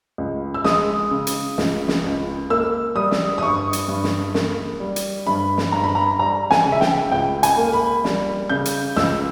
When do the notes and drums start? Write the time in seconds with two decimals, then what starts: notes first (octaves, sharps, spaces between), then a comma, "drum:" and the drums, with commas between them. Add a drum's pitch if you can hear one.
0.18 C#2
0.54 E6
0.64 G#3 D#6, drum: snare
1.11 C#3
1.27 drum: hi-hat
1.58 C#2, drum: snare
1.88 drum: snare
2.04 C#2
2.50 A#3 E6
2.95 G3 D#6
3.11 drum: snare
3.38 D#6
3.42 G2 C#6
3.73 drum: hi-hat
3.88 G2
4.04 drum: snare
4.34 A#3, drum: snare
4.80 G3
4.96 drum: hi-hat
5.27 G2 B5
5.58 drum: snare
5.72 G2 A#5
5.84 B5
5.95 A#5
6.19 G3 A#5
6.51 G#5, drum: snare
6.66 C#3
6.72 E5
6.81 G5, drum: snare
7.12 C#2 G5
7.43 G#5, drum: hi-hat
7.57 A#3
7.73 B5
8.04 G3, drum: snare
8.49 C#3 G6
8.65 drum: hi-hat
8.96 C#2 E6, drum: snare